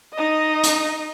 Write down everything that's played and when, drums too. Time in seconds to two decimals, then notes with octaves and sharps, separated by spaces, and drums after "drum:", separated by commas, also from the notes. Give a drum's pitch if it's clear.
0.13 D#4 D#5
0.63 drum: hi-hat